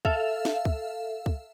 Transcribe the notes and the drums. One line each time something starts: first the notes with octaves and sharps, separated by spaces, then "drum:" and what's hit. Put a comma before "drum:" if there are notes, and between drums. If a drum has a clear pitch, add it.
A4 E5 F5, drum: kick
drum: snare
drum: kick
drum: kick